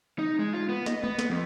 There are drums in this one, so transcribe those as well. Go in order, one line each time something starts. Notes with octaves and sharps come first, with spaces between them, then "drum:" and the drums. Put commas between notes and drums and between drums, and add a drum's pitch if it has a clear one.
D#4
G#3
F4
B3
D#5, drum: snare
B3, drum: tom G#3
drum: snare
F2